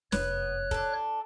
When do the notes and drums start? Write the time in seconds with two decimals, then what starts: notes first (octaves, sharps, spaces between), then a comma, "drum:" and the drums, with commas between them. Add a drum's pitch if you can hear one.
0.12 F1 F#2 B3 C#5 F#6, drum: snare
0.71 D4 A4, drum: kick